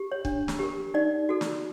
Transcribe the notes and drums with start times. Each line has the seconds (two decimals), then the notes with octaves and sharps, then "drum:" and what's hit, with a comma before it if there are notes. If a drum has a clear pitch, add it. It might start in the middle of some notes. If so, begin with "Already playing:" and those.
Already playing: G4
0.12 C#5
0.25 D4, drum: kick
0.48 drum: snare
0.59 G4 A#4
0.94 D#4 D5
1.29 F#4 A4
1.41 drum: snare